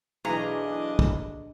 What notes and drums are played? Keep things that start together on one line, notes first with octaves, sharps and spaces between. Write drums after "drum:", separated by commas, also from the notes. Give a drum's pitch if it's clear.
B1 E3 A3 D4 G#4 D#5 A#5
drum: kick